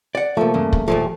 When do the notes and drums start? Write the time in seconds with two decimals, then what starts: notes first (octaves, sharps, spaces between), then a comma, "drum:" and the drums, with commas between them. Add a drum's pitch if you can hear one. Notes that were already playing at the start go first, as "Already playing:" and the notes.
0.15 D5 F#5
0.37 C2 F3 A3 A#3
0.54 E2 G2 C#3
0.73 drum: kick
0.88 D#2 A#2 F3 A3